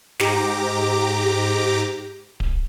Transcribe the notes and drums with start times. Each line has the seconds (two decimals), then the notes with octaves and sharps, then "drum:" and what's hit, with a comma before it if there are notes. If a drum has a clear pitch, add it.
0.19 G#2 G4 A#5 D6, drum: snare
2.40 drum: kick D1